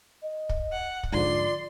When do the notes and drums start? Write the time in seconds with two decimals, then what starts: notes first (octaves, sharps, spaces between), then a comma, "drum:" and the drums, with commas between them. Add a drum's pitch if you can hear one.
0.22 D#5
0.49 drum: kick
0.72 F#5
1.03 drum: kick
1.12 G#2 D3 F3 F4 D5 C6